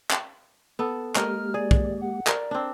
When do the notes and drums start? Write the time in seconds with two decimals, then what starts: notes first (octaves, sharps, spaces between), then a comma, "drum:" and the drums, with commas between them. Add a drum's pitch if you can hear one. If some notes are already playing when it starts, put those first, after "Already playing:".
0.11 drum: clap
0.79 B3 A4
1.16 G#3 A#3 G4 A#4 D#5 F6, drum: clap
1.54 G#4 D5
1.71 drum: kick
2.01 F#5
2.27 A#4 D5, drum: clap
2.51 C4 D4